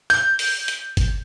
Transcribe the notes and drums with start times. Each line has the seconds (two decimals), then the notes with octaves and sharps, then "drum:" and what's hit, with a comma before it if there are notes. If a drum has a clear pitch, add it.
0.10 G6, drum: hi-hat
0.39 drum: open hi-hat
0.68 drum: hi-hat
0.97 drum: kick G1, hi-hat